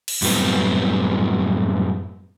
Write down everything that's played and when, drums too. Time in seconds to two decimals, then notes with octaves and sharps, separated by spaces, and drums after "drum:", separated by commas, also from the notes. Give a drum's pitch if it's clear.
0.08 drum: cymbal
0.22 F#2 A2 G3 B3 C4, drum: open hi-hat